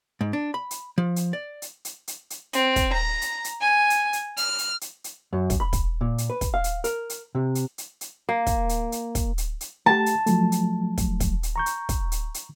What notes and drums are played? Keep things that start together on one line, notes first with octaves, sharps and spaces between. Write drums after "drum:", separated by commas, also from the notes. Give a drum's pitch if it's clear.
G#2
D4
B5
drum: hi-hat
F3
drum: hi-hat
D5
drum: hi-hat
drum: hi-hat
drum: hi-hat
drum: hi-hat
C4, drum: hi-hat
drum: kick, hi-hat
A#5
drum: hi-hat
drum: hi-hat
G#5
drum: hi-hat
drum: hi-hat
F6, drum: hi-hat
drum: hi-hat
drum: hi-hat
drum: hi-hat
F#2
drum: kick, hi-hat
B5
drum: kick, hi-hat
A#2
drum: hi-hat
B4
drum: kick, hi-hat
F5
drum: hi-hat
A#4, drum: hi-hat
drum: hi-hat
C3
drum: hi-hat
drum: hi-hat
drum: hi-hat
A#3
drum: kick, hi-hat
drum: hi-hat
drum: hi-hat
drum: kick, hi-hat
drum: hi-hat
drum: hi-hat
A3 G4 A5
drum: hi-hat
F3 F#3 A3, drum: hi-hat
drum: hi-hat
drum: kick, hi-hat
drum: kick, hi-hat
drum: hi-hat
A#5 C#6 G6
drum: hi-hat
drum: kick, hi-hat
drum: hi-hat
drum: hi-hat